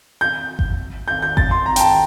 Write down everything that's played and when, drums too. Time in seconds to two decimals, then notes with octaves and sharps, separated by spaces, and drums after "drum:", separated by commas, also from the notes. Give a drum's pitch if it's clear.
0.21 G6
0.59 drum: kick G#1
1.08 G6
1.22 G6
1.37 A6, drum: kick G#1
1.51 C6
1.66 A#5
1.76 G5, drum: hi-hat
1.80 A5